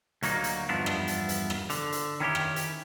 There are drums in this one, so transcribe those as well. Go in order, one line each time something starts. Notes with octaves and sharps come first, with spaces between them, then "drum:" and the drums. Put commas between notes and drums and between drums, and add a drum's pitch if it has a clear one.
D2 F#3 A#3 D#4, drum: hi-hat
drum: hi-hat
E2 G2 F3 B3 D4 E4
drum: rim click
drum: hi-hat
drum: hi-hat
drum: rim click
D3, drum: hi-hat
drum: hi-hat
D#3 C#4 E4 G4
drum: rim click
drum: hi-hat